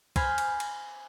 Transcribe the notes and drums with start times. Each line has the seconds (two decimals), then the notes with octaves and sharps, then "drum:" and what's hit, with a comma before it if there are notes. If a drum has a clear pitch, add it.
0.16 C5 G#5 B5 F6 G6 B6, drum: kick, cymbal
0.38 drum: cymbal
0.60 drum: cymbal